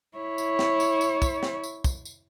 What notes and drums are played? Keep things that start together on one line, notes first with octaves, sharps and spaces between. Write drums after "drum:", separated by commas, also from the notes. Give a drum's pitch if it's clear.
E4 C#5
drum: tambourine
drum: snare
drum: tambourine
drum: tambourine
drum: kick, tambourine
drum: snare
drum: tambourine
drum: kick, tambourine
drum: tambourine